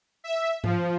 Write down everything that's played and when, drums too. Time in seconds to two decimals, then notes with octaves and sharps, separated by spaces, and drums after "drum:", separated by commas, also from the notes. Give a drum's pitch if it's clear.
0.24 E5
0.64 F3, drum: tom G#2